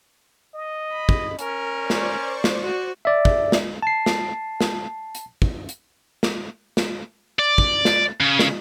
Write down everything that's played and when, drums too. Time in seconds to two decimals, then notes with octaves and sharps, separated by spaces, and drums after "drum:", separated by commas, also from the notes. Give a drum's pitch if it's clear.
0.55 D#5
0.92 B5
1.09 drum: kick
1.39 C#4 A#4, drum: hi-hat
1.75 C5 D5 C#6
1.90 drum: snare
2.44 drum: snare
2.63 F#4
3.05 D5 E5
3.25 drum: kick
3.52 drum: snare
3.82 A5 C7
4.06 drum: snare
4.61 drum: snare
5.15 drum: hi-hat
5.42 drum: kick
5.69 drum: hi-hat
6.23 drum: snare
6.77 drum: snare
7.39 D5
7.58 drum: kick
7.85 drum: snare
8.20 C#3
8.39 drum: snare